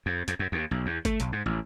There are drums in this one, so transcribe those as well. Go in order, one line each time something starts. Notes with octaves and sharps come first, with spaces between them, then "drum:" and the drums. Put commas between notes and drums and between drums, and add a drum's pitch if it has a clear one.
F2
F2, drum: hi-hat
F#2
D#2
B1
E2
A3, drum: kick G#1, hi-hat
B1, drum: hi-hat
G#2
A1